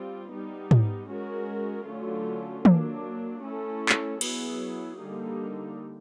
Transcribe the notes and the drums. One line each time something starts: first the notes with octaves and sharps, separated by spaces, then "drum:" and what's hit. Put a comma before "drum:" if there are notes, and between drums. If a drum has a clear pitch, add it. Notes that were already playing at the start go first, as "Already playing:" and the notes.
Already playing: G3 C4 F4
G3 B3 D#4
drum: tom
G#3 C#4 F#4 A#4
D3 F#3 A3 C#4 F4
F#3 A#3 D4, drum: tom
A3 C#4 E4 A4
drum: clap
F#3 B3 E4 G#4, drum: cymbal
D3 G3 A#3 D#4